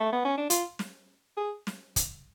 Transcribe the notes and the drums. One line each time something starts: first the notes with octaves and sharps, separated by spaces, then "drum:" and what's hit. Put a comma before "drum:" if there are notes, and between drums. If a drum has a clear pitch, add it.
A3
B3
C#4
D4
F4, drum: hi-hat
drum: snare
G#4
drum: snare
drum: kick, hi-hat